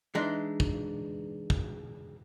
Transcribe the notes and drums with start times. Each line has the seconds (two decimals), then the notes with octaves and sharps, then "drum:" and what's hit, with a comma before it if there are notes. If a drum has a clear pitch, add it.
0.15 E3 G#3 D4 D#4
0.60 drum: kick
1.50 drum: kick